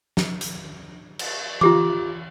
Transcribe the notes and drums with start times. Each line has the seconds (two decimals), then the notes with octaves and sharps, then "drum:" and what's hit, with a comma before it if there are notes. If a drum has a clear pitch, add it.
0.17 drum: snare
0.41 drum: hi-hat
1.19 drum: cymbal
1.61 F4 G4 D6, drum: tom E3